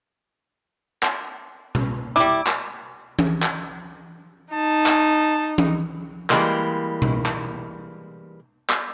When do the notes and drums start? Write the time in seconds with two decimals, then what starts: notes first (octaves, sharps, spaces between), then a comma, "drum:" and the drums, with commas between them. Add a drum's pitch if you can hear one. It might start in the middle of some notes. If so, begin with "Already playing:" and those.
1.03 drum: clap
1.75 drum: tom B2
2.16 G3 E4 D6
2.47 drum: clap
3.19 drum: tom E3
3.43 drum: clap
4.54 D#4 A5
4.86 drum: clap
5.58 drum: tom E3
6.30 E3 G3 G#3 A#3, drum: clap
7.02 drum: tom B2
7.26 drum: clap
8.70 drum: clap